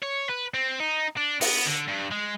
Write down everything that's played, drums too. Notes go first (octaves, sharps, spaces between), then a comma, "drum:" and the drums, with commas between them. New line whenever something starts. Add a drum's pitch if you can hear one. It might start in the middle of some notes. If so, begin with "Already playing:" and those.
C#5
B4
C4
D#4
D4
B3, drum: open hi-hat
D3
G2
G#3